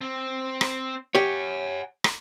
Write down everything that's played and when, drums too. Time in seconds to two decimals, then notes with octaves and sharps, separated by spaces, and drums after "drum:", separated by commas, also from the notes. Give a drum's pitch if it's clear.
0.01 C4
0.61 drum: rim click
1.15 G4 C#5 F#5 G#5
2.04 drum: rim click